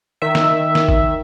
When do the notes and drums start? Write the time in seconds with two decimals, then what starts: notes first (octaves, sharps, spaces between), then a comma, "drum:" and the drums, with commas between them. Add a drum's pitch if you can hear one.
0.22 D#3 E5
0.35 drum: snare
0.75 drum: snare
0.89 drum: kick G#1